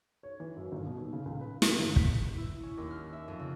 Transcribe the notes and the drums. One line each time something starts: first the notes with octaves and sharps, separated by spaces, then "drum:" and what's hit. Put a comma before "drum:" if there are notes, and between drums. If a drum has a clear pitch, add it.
C#5
E3
F#2
G1
B2
D#2
C#3
C#2
B4
A#3, drum: snare
G1
B6, drum: kick
E4
C#4
D#2
F6
E5
F2
C#3